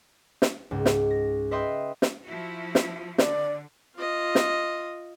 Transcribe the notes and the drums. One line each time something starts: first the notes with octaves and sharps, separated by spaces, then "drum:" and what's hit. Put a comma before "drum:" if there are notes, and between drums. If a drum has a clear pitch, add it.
drum: snare
C#2 G#2
drum: snare
A#6
B4 D#5 E5 G5 C6 D#6
drum: snare
F3 E4 F#4
drum: snare
D3 D5, drum: snare
F4 D#5
drum: snare